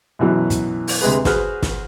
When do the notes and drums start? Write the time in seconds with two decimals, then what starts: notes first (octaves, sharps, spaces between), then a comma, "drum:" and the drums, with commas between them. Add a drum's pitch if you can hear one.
0.19 F#2 B2 E3 F#3
0.50 drum: kick, hi-hat
0.88 drum: open hi-hat
1.01 D2 C3 G#3 G#4 B4
1.25 F#4 G#4 B4 C5 F6, drum: snare
1.62 drum: snare